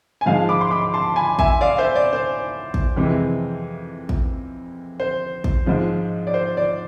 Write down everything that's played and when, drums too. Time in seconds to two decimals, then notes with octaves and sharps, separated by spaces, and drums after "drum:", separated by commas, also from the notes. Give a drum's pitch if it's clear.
0.21 G#5
0.26 G#2 F3 G#3 F5 A5
0.49 B5 D6
0.61 C6
0.71 B5 D6
0.94 A5 C6
1.16 G#5 B5
1.39 E5 G#5, drum: kick
1.61 D5 F5
1.78 C5 E5
1.96 D5
2.13 C5
2.74 drum: kick
2.96 F2 C3 E3 G#3
4.09 drum: kick
5.00 C5
5.44 drum: kick
5.66 G#2 F3 G#3
6.27 D5
6.34 C5
6.57 D5